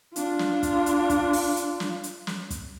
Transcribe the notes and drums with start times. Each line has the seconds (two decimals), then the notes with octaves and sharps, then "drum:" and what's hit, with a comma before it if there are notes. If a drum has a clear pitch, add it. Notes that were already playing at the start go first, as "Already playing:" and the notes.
0.16 D4 F4, drum: hi-hat
0.39 drum: snare
0.63 drum: kick, hi-hat
0.86 drum: hi-hat
1.10 drum: kick, hi-hat
1.33 drum: open hi-hat
1.57 drum: hi-hat
1.80 drum: snare
2.03 drum: hi-hat
2.27 drum: snare
2.50 drum: kick, hi-hat